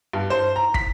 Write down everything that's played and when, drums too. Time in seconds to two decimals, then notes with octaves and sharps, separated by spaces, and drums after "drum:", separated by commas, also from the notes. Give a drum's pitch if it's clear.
0.13 G2
0.30 C5
0.56 A#5
0.74 B6, drum: kick